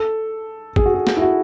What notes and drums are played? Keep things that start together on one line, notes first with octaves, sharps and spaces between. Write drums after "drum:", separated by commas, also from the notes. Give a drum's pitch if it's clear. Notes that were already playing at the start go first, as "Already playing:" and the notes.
Already playing: A4
G#4, drum: kick
F#4
G#4
drum: snare
E4
F#4